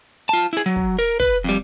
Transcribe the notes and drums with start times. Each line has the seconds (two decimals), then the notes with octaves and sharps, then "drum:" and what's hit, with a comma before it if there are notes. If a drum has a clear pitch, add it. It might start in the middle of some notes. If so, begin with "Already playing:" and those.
0.29 F4 A5
0.53 E4 G#4
0.66 F#3
0.76 drum: kick
0.99 A#4
1.20 B4, drum: kick
1.44 F2 G3